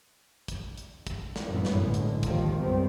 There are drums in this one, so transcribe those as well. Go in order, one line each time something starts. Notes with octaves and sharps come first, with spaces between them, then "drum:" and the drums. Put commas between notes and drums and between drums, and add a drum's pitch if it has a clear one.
drum: kick, hi-hat
drum: hi-hat
drum: kick, hi-hat
drum: snare
G1 F#2 A2 E3 F#3 B3
drum: snare
A#1 D3 G#3
drum: hi-hat
D#2 D#3 F3, drum: kick, hi-hat
C2 F#2 C3 G3 B3 C4